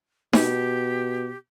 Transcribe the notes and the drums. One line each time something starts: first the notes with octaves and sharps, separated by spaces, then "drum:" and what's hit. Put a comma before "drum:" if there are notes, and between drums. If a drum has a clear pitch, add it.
B2 G4, drum: snare D#4